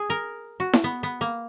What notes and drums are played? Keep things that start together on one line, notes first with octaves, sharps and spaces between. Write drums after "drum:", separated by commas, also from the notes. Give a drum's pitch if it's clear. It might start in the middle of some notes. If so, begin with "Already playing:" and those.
Already playing: G#4
A#4
F#4
drum: snare E4
B3
B3
A#3